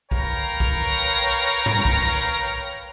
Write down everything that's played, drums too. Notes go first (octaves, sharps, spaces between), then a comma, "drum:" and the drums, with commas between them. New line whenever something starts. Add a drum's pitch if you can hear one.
A#4 B4 C#5 F5 G5 A#5, drum: kick B1
drum: kick B1
drum: tom G#2
drum: kick B1
drum: hi-hat